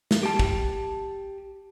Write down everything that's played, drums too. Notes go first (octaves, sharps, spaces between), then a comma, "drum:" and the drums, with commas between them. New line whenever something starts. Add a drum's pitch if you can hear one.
drum: snare
G4 A5
drum: kick